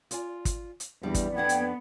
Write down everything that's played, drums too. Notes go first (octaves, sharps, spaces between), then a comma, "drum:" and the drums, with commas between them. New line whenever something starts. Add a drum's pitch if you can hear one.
F4 D5 G#5, drum: hi-hat
drum: kick, hi-hat
drum: hi-hat
E2 G3 B3 D4 D5
drum: kick, hi-hat
F2 B3 D4 F#5 G5 G#6
drum: hi-hat